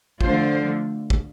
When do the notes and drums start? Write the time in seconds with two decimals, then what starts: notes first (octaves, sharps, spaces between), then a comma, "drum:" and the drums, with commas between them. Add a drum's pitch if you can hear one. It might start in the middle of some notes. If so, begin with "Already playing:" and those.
0.21 D3 F3 A3 D4 F4 C5, drum: kick
1.10 drum: kick